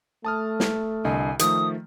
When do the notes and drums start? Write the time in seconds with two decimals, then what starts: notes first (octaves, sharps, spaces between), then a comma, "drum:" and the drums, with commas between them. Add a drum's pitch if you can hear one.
0.25 A3 A5 D#6 F6
0.60 drum: snare
1.05 C2 D3 D#5 G#5
1.39 D#3 F3 A3 D#6, drum: hi-hat